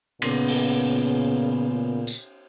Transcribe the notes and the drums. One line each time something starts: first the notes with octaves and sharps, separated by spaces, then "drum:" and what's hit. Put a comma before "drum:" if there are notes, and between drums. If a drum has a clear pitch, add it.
A#2 C#3 B3, drum: cymbal
drum: open hi-hat
drum: tambourine